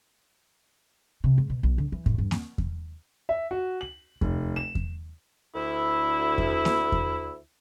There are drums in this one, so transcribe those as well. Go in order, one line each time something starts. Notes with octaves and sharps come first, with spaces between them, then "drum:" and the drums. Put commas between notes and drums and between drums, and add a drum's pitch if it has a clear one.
C3
G#2
B2
B1
D3
E3
A2, drum: kick E2
G2
drum: snare A#3
drum: kick E2
E5
F#4
F#7
F1, drum: kick E2
E7
drum: kick E2
D2 E4
drum: kick E2
drum: snare A#3
drum: kick E2